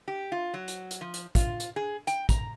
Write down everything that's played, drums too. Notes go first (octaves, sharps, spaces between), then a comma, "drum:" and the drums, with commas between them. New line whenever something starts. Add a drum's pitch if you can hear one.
G4
F4
F#3
drum: hi-hat
drum: hi-hat
F3
drum: hi-hat
F4, drum: kick, hi-hat
drum: hi-hat
G#4
G5, drum: hi-hat
A#5, drum: kick, hi-hat